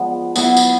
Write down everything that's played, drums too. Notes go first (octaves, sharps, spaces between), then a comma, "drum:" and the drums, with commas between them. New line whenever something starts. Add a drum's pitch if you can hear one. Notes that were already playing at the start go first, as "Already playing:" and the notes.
Already playing: F3 G#3 B3 D5
F#3 B3 E4, drum: tambourine
drum: tambourine